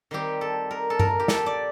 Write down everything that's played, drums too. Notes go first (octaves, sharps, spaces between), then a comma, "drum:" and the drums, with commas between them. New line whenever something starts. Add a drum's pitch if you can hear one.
D#3 G3 C4 G4
A4
A#4
A4
A#4, drum: tom G2
G4
A4, drum: snare
D5